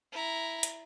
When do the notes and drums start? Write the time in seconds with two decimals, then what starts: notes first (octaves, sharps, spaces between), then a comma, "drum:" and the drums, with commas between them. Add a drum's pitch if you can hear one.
0.13 E4 A#5
0.63 drum: hi-hat